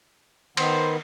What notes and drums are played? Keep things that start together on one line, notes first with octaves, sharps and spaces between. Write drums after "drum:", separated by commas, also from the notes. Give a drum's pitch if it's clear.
D#3 B3 C5, drum: cymbal